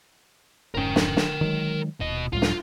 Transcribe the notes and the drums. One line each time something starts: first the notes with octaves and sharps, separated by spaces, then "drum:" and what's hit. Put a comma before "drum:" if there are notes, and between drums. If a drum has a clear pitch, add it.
F1 G#2 C#4 A#4 G5
drum: snare
drum: snare
D#3 F#3 G#3
D#1 B2 D#5
C#2 A2 G3 F4
drum: snare